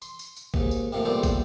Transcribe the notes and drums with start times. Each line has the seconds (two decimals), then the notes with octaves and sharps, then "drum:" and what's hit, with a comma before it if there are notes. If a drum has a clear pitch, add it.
0.02 C6, drum: tambourine
0.19 drum: tambourine
0.37 drum: tambourine
0.54 D#2 G#2, drum: kick
0.71 drum: tambourine
0.92 D#2 A2 C3 D#3 F3
1.05 A#1 E2 A2 G3 C4 C5
1.23 drum: kick, tambourine